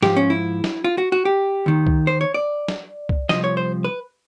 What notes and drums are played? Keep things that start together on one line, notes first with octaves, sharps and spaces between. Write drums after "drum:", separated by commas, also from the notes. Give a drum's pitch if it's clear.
G#2 F3 G4, drum: snare
C#4
E4
drum: snare
F4
F#4
F#4
G4
D#2 D#3
drum: kick
C5
C#5
D5
drum: snare
drum: kick
C2 A#2 F3 D#5, drum: snare
C#5
C5
B4